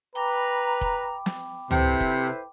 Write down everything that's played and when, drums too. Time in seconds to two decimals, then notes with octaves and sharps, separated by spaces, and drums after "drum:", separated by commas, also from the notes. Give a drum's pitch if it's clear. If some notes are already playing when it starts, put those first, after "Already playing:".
0.15 B4 G5 A#5 B5 D6
0.81 drum: kick F1
1.26 drum: snare
1.71 C3 E4 A4 B4 C5, drum: tom C#2
2.00 drum: kick F1